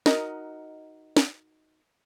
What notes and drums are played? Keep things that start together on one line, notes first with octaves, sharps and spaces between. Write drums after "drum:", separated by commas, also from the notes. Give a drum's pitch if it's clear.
D#4 F#4 A#4 D#5, drum: snare
drum: snare